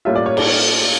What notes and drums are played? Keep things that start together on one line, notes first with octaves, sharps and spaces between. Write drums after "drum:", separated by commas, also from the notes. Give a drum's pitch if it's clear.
A2 G3 A#3 C#4 F4 E5
D5
C#5
D5, drum: cymbal